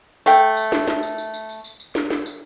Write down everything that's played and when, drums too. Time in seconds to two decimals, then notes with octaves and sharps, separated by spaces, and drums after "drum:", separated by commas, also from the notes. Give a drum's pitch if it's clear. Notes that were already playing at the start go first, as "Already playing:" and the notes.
0.26 A3 F5 G5, drum: tambourine
0.57 drum: tambourine
0.72 drum: snare
0.88 drum: snare
1.03 drum: tambourine
1.18 drum: tambourine
1.34 drum: tambourine
1.49 drum: tambourine
1.64 drum: tambourine
1.80 drum: tambourine
1.95 drum: snare
2.10 drum: snare
2.26 drum: tambourine